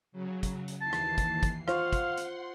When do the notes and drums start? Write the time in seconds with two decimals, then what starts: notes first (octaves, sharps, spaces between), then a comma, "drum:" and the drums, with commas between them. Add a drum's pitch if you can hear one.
0.12 C#3 F#3
0.43 drum: kick, hi-hat
0.68 drum: hi-hat
0.82 D#2 E3 A5 C7
0.93 drum: rim click
1.18 drum: kick, hi-hat
1.43 drum: kick, hi-hat
1.68 F4 C5 F5 F#5 C6 C#6, drum: rim click
1.93 drum: kick, hi-hat
2.17 drum: hi-hat